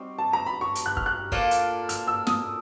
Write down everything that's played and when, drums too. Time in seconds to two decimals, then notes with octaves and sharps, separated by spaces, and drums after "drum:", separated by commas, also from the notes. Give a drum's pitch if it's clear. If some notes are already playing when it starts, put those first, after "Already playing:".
Already playing: G3 C4 D#4 F#4
0.19 A5
0.33 A#5
0.46 B5
0.61 C#6
0.75 drum: hi-hat
0.86 F#6
0.97 F6, drum: kick
1.06 F#6
1.32 A#3 D4 F4 A4, drum: kick
1.51 drum: hi-hat
1.89 F6, drum: hi-hat
2.07 E6
2.27 D#6, drum: snare